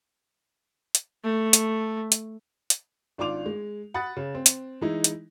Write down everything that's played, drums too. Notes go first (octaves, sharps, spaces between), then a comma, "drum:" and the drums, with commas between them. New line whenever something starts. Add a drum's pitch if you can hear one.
drum: hi-hat
A3
drum: hi-hat
drum: hi-hat
drum: hi-hat
G#1 D4 F4 C6 D6 F7
G#3
F#5 B5 D#6 F#6 A6
C#3
C4
drum: hi-hat
E3 G#3 D#4 E4
drum: hi-hat